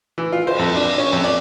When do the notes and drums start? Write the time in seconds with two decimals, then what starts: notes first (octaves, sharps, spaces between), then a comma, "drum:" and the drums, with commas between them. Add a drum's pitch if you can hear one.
0.18 E3
0.32 F4
0.47 C5, drum: cymbal
0.59 F2
0.76 D4
0.98 C#4
1.13 F2
1.24 D5